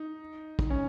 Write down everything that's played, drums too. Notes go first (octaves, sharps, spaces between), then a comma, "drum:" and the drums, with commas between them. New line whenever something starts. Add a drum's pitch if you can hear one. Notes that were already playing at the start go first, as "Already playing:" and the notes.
Already playing: D#4
D#4, drum: kick
C#4